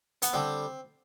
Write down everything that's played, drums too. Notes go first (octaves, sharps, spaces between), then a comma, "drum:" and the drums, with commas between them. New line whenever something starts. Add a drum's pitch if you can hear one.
B3, drum: hi-hat
D3 G3 C4